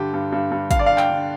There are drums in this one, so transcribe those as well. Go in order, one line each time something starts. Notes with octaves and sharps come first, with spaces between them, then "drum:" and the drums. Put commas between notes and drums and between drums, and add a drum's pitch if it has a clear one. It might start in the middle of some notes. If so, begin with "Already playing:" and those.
Already playing: G2 D3 G4
G2
G2
G2
D3 F5, drum: kick, hi-hat
D5
F5
D3
G5, drum: clap
D3